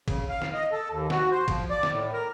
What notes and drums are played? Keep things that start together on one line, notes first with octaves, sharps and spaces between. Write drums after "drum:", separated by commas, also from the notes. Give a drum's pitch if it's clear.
C#3, drum: kick, cymbal
F5
drum: snare
D#5
A4
D#2
F#4, drum: snare
C5
F3, drum: kick, cymbal
D5
drum: snare
A2
A#4